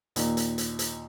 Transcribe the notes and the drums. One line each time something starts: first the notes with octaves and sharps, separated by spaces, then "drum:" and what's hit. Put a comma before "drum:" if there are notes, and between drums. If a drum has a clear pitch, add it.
D#2 A#2, drum: hi-hat
drum: hi-hat
drum: hi-hat
drum: hi-hat